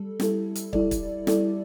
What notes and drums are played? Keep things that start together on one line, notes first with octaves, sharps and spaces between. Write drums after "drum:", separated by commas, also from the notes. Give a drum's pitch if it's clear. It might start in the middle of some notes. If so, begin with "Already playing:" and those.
Already playing: G3 A4
G3 E4 A4, drum: snare
drum: hi-hat
G3 E4 A4 D5, drum: kick
drum: kick, hi-hat
G3 E4 A4 D5, drum: snare